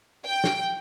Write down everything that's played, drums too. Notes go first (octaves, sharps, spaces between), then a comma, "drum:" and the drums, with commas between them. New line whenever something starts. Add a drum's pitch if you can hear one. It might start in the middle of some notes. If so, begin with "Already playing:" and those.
G5
drum: snare